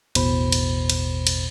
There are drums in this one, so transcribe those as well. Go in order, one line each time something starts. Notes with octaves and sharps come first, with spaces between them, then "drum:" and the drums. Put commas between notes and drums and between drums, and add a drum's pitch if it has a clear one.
A1 E2 B2 C5 B5, drum: cymbal
drum: cymbal
drum: cymbal
drum: cymbal